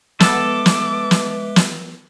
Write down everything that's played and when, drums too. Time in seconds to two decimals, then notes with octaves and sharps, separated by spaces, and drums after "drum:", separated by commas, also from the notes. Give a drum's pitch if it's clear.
0.20 G#3 B3 A4 B4 E5 D6, drum: snare
0.66 drum: snare
1.11 drum: snare
1.56 drum: snare